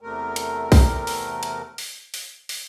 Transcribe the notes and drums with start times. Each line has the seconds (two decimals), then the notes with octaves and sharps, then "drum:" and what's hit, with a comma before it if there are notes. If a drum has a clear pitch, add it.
0.01 E2 C3 A3 A#4
0.36 drum: hi-hat
0.72 drum: kick B1, open hi-hat
1.07 drum: open hi-hat
1.43 drum: hi-hat
1.78 drum: open hi-hat
2.14 drum: open hi-hat
2.49 drum: open hi-hat